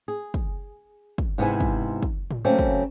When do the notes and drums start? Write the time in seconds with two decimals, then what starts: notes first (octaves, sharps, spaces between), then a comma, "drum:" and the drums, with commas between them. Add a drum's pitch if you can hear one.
0.08 G#4
0.34 drum: kick
1.18 drum: kick
1.38 G#2 C3 B3 E4 G#5
1.60 drum: kick
2.03 drum: kick
2.31 drum: tom A2
2.45 C#3 F#3 A3 A#3 C4 C#4
2.59 drum: kick